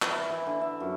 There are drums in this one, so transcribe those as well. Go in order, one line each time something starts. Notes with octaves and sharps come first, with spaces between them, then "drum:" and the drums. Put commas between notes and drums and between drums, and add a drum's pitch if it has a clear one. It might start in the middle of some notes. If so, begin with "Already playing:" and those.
E3, drum: clap
D5
E3
D3
E5
F#2